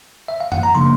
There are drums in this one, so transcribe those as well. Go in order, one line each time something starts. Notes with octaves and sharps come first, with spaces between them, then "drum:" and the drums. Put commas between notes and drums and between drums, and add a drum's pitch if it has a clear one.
E5
F5
F#5, drum: tom F#2
A#5
C#3 F3 A#3 D4 C6